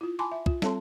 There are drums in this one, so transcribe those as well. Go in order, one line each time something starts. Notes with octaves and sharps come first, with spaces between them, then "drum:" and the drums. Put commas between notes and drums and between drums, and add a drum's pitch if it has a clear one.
E4 F4
G#5 A5 B5 C6 D6
E5
F4, drum: kick
G3 C4 A4 C#5 A5 C6, drum: snare